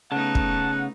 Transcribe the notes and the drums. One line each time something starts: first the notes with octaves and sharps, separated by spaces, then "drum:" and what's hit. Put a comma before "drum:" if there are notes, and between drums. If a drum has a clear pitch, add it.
C#3 A3 B3 D#4 F#5 A5
drum: kick